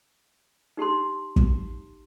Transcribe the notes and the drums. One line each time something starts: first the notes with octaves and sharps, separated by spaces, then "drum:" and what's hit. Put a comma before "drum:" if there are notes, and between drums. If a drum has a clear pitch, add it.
D#4 G4 A5 C6
drum: kick